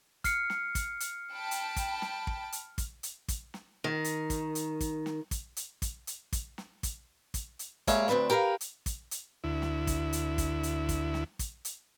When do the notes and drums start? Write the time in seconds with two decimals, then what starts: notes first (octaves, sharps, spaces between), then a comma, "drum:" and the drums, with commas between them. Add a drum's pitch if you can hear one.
0.24 F6 C7 C#7, drum: kick, hi-hat
0.50 drum: snare
0.75 drum: kick, hi-hat
1.00 drum: hi-hat
1.32 G5 A5 B5
1.51 drum: hi-hat
1.76 drum: kick, hi-hat
2.02 drum: snare
2.27 drum: kick
2.52 drum: hi-hat
2.78 drum: kick, hi-hat
3.03 drum: hi-hat
3.28 drum: kick, hi-hat
3.54 drum: snare
3.84 D#3
4.04 drum: hi-hat
4.30 drum: kick, hi-hat
4.55 drum: hi-hat
4.80 drum: kick, hi-hat
5.06 drum: snare
5.31 drum: kick, hi-hat
5.57 drum: hi-hat
5.82 drum: kick, hi-hat
6.07 drum: hi-hat
6.33 drum: kick, hi-hat
6.58 drum: snare
6.83 drum: kick, hi-hat
7.34 drum: kick, hi-hat
7.59 drum: hi-hat
7.87 G3 G#3 A#3 C#5 E5 F5, drum: kick, hi-hat
8.08 D2 C4 D4 B4 E5, drum: snare
8.30 G4 A#4 B4 E5 F5
8.61 drum: hi-hat
8.86 drum: kick, hi-hat
9.11 drum: hi-hat
9.44 D2 E4
9.62 drum: snare
9.87 drum: kick, hi-hat
10.13 drum: hi-hat
10.38 drum: kick, hi-hat
10.63 drum: hi-hat
10.89 drum: kick, hi-hat
11.14 drum: snare
11.39 drum: kick, hi-hat
11.65 drum: hi-hat